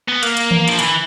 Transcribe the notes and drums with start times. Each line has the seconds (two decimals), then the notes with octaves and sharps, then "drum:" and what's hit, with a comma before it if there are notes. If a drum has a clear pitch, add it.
0.09 B3
0.23 A#3, drum: hi-hat
0.37 drum: hi-hat
0.51 drum: tom D#3
0.68 F3, drum: hi-hat
0.79 E3, drum: hi-hat